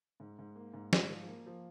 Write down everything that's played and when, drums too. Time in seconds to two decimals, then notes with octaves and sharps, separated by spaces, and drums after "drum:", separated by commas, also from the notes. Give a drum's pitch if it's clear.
0.20 G#2
0.39 G#2
0.56 A#3
0.74 G#2
0.93 G#2, drum: snare
1.10 F3
1.28 A#3
1.46 F3